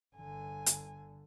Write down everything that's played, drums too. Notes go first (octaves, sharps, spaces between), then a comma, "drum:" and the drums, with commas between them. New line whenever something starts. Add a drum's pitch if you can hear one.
G1 D3 G#5
drum: hi-hat